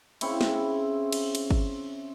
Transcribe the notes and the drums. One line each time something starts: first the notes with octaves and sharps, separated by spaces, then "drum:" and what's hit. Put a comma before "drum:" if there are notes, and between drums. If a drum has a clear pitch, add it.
C#3 C4 E4 C#6, drum: cymbal
drum: snare
drum: cymbal
drum: cymbal
drum: kick